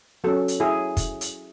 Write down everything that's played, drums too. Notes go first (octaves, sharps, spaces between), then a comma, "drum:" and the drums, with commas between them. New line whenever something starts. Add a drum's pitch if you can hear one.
F#3 C#4 F#4 A4
drum: hi-hat
E4 G#4
drum: kick, hi-hat
drum: hi-hat